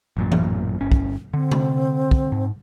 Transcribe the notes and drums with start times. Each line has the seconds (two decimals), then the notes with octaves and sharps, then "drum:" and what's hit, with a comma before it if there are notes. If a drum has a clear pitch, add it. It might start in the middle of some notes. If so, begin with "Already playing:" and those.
0.17 A1 F#2 A#2
0.32 drum: tom E3
0.81 G1 C#4
0.92 drum: kick
1.34 D3 C4
1.51 drum: tom C3
2.11 drum: kick
2.32 G#2